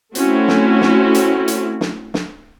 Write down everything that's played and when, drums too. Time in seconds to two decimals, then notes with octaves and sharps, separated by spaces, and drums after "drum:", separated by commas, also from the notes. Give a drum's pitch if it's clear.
0.15 A3 C4 C#4 E4 F#4, drum: hi-hat
0.48 drum: snare
0.81 drum: snare
1.14 drum: hi-hat
1.48 drum: hi-hat
1.81 drum: snare
2.14 drum: snare